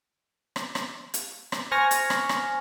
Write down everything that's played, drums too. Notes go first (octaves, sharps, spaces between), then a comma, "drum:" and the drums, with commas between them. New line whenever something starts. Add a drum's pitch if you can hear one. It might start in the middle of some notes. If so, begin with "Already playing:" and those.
drum: rim click
drum: rim click
drum: hi-hat
drum: rim click
C5 G#5 C#6 F6 A#6
drum: hi-hat
drum: rim click
drum: rim click